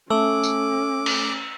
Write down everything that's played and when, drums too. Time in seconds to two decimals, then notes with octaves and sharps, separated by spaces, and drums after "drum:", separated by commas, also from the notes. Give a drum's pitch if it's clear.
0.10 A3 C#4 D6 E6 F#7
0.43 drum: tambourine
1.06 drum: cymbal